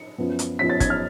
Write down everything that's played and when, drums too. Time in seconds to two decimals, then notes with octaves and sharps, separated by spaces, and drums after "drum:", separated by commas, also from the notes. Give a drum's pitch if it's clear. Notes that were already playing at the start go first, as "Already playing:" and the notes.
Already playing: C#7
0.18 F#2 F3 B3
0.39 drum: hi-hat
0.59 F#2 F3 B3 B6
0.70 A6
0.80 G#6, drum: kick, hi-hat
0.90 F6